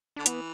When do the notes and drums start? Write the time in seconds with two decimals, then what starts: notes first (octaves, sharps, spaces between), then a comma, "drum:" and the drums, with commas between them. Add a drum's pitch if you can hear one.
0.16 D3 D4
0.26 E3 B3, drum: hi-hat